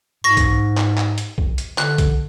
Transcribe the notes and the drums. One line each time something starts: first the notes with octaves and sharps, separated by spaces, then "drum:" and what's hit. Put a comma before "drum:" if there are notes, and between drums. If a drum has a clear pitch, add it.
G#2 C#6 A#6
drum: kick B1, hi-hat
drum: clap
drum: clap
drum: hi-hat
drum: kick B1
drum: hi-hat
D3 F#6, drum: clap
drum: kick B1, hi-hat